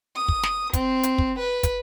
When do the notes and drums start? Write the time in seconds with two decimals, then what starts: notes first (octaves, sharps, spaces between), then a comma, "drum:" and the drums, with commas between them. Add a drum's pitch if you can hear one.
0.16 D#6
0.28 drum: kick
0.43 drum: snare
0.73 C4, drum: kick, hi-hat
1.03 drum: hi-hat
1.18 drum: kick
1.39 B4
1.63 drum: kick, hi-hat